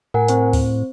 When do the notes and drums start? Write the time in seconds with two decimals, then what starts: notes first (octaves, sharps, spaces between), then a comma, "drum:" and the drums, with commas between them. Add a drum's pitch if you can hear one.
0.14 A2 A#4 F#5 G#5
0.28 C4 C5, drum: hi-hat
0.53 drum: kick D2, open hi-hat